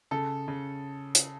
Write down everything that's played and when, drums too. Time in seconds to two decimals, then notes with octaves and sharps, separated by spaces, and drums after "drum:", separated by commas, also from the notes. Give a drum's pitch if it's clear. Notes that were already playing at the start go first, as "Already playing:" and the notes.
0.11 C#3 A4
0.48 C#3
1.15 drum: hi-hat